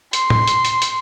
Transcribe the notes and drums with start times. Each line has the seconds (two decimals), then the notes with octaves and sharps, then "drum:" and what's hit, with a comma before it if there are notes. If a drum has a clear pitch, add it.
0.13 C6, drum: hi-hat
0.30 drum: tom
0.47 drum: hi-hat
0.65 drum: hi-hat
0.82 drum: hi-hat